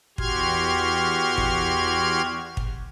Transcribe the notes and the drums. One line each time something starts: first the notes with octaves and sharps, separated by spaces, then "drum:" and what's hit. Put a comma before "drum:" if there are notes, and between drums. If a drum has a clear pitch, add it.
E2 F#4 G4 C6 F6 G#6, drum: kick
drum: kick
drum: kick